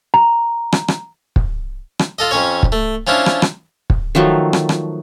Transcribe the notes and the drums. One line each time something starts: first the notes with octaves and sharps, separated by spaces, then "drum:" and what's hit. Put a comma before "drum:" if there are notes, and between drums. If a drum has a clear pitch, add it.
A#5
drum: rim click
drum: rim click
drum: kick
drum: rim click
F4 A4 D#5
F2 C#4 C#5
drum: kick
A3
F3 C#4 D4 E4 F4
drum: rim click
drum: rim click
drum: kick
D#3 F3 F#3 A3
drum: rim click
drum: rim click